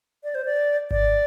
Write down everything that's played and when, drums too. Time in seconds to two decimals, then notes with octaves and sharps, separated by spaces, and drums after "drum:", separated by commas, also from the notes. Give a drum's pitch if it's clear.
0.24 D5
0.35 C5
0.45 D5
0.91 D5, drum: kick G#1